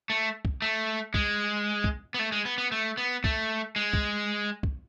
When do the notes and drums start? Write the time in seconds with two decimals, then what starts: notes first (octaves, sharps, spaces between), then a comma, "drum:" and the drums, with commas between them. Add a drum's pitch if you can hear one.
0.10 A3
0.45 drum: kick C2
0.62 A3
1.14 G#3, drum: kick C2
1.84 drum: kick C2
2.14 B3
2.19 A3
2.32 G#3
2.45 B3
2.58 B3
2.72 A3
2.97 B3
3.24 A3, drum: kick C2
3.76 G#3
3.93 drum: kick C2
4.63 drum: kick C2